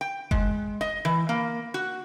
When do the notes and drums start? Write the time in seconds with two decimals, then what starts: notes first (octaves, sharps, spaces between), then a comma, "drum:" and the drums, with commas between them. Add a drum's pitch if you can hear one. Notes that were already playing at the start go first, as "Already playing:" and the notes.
0.01 G5
0.31 G#3, drum: kick F#1
0.81 D#5
1.05 E3
1.29 A#3
1.74 F#4